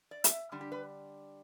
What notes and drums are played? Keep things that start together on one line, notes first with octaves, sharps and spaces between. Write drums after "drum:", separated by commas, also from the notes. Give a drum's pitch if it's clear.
D5
E5, drum: hi-hat
D3 G3 D4
G4
B4